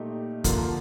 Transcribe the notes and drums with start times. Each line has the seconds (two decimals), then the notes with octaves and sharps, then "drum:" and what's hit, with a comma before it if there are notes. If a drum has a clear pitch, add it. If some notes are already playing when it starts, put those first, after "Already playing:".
Already playing: A#2 A3 D#4 G4
0.44 D3 F3 A#3 F4 A#4, drum: kick, hi-hat